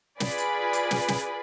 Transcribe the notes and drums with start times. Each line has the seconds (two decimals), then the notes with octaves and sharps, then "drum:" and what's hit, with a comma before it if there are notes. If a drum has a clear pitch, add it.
0.20 F4 G#4 B4 D5 G#5 B5, drum: snare
0.38 drum: hi-hat
0.73 drum: hi-hat
0.91 drum: snare
1.08 drum: snare